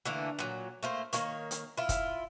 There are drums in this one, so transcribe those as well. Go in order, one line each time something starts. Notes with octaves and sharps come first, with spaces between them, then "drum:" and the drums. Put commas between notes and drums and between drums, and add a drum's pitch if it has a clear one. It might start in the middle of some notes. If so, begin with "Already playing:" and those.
D3 E3 A3 A#3
A#2 F#3
A3 A#3 C5
D#3 A#3 C#5, drum: hi-hat
drum: hi-hat
E4 F4
drum: kick, hi-hat